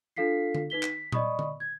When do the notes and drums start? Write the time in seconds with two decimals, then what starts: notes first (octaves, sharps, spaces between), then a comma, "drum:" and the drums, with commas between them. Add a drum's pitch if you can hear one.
0.16 D4 F4 A4 F5 B6 C7
0.55 drum: tom D3
0.70 D#4 B4 B6 G7
0.83 B6, drum: clap
1.12 D5 D#5 B5 C#6 D#6, drum: tom A#2
1.39 drum: tom D3
1.60 G#6